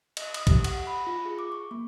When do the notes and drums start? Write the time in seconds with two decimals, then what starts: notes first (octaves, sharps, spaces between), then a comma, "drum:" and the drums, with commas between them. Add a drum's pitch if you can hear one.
0.17 D#5, drum: cymbal
0.34 D#6, drum: cymbal
0.47 G4, drum: kick, cymbal
0.64 F#5, drum: cymbal
0.87 B5
1.07 F4
1.25 G#4
1.39 D6
1.52 C#6
1.71 A#3